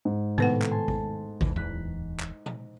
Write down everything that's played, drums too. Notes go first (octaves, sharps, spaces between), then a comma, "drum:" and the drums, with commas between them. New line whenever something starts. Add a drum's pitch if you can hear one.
G#2
A2 C3 D#3 B3 B4 F#5
drum: clap
G#5 A5 C6
drum: kick G#1
G#1 D2 E3, drum: kick G#1
D1 E2 E3 F#6 B6
drum: clap
drum: tom A#2